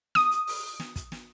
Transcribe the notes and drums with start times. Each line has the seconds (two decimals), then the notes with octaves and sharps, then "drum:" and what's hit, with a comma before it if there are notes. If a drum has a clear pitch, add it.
0.15 D#6, drum: snare
0.31 drum: hi-hat
0.47 drum: open hi-hat
0.80 drum: snare
0.96 drum: kick, hi-hat
1.12 drum: snare